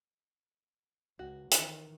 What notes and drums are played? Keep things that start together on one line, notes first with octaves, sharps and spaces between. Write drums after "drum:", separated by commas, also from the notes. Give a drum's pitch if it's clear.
C#2 F#4
D#3 E3, drum: hi-hat